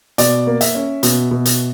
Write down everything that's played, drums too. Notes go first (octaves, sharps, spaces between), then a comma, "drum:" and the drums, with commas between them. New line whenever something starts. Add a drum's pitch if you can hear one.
B2 D5, drum: hi-hat
A#3
E5, drum: hi-hat
C#4
B2, drum: hi-hat
B2
drum: hi-hat